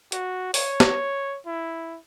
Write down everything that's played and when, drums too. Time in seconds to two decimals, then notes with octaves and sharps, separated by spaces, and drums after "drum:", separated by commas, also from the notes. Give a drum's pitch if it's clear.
0.12 F#4, drum: hi-hat
0.54 C#5, drum: open hi-hat
0.80 drum: snare
1.46 E4